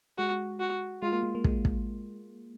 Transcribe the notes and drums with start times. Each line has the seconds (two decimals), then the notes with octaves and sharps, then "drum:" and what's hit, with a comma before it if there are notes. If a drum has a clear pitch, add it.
0.18 G#3 F#4
0.60 F#4
1.02 G#3 F4
1.13 A#3
1.23 G#3
1.35 A#3
1.44 G#3, drum: kick
1.65 drum: kick